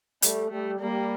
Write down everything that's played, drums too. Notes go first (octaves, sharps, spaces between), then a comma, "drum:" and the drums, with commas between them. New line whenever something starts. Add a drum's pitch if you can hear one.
G3 A3, drum: hi-hat
G3 A3
G3 A#3